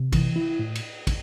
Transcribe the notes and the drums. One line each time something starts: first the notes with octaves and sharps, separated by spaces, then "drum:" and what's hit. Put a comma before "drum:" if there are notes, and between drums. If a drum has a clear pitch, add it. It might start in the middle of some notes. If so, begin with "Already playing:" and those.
Already playing: C3
E3, drum: kick, cymbal
E4
A2
drum: cymbal
drum: kick, cymbal